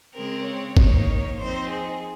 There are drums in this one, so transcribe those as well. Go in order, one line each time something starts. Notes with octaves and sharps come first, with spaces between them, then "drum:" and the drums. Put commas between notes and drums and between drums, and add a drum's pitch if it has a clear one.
C#3 G#3 C4 A#4
C#5
D#3 A#3 D#4, drum: kick G1
F3 C4 D#4 C5
G#4